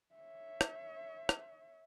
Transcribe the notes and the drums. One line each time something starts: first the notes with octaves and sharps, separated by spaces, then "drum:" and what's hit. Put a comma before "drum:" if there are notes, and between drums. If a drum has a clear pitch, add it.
C#5 E5
drum: rim click
drum: rim click